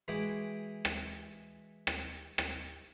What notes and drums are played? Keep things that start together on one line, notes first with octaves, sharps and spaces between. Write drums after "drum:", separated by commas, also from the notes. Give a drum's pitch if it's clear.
E3 G#3 F#4 G#4 G5 D6
drum: rim click
drum: rim click
drum: rim click